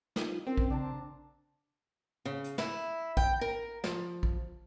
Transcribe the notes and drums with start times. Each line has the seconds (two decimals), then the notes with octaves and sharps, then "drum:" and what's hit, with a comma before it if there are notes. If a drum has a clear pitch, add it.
0.16 G3 D#4 F4, drum: snare
0.47 C4 C#4 A#4
0.57 drum: kick A#1
0.70 C#3 D4 A5 A#5
2.25 C#3
2.44 drum: hi-hat
2.58 E4, drum: snare
3.17 G5, drum: kick A#1
3.41 A#4
3.84 F3, drum: snare
4.23 drum: kick A#1